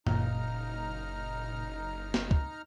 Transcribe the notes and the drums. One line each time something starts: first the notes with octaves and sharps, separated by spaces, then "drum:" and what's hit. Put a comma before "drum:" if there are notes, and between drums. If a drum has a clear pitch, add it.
F#1 A#2 D#4 A#5 F6, drum: tom F#2
drum: snare
drum: kick C#2